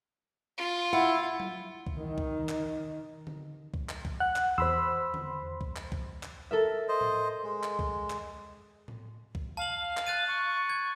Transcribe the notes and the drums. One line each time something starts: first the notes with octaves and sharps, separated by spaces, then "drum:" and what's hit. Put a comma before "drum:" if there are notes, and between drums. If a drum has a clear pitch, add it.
F4
E4 F#5
drum: tom F#3
drum: kick C#2
D#3
drum: kick C#2
drum: clap
drum: tom D3
drum: kick C#2
drum: clap
drum: kick C#2
F#5 F#6
drum: clap
E2 C5 B5 C6 E6
drum: tom D3
drum: kick C#2
drum: clap
drum: kick C#2
drum: clap
A4 A#4 E5
C5 D#5
drum: tom A2
G#3
drum: clap
drum: kick C#2
drum: clap
drum: tom A2
drum: kick C#2
F5 A5 F#7
drum: clap
F#6 A6 D#7
C#6
G#6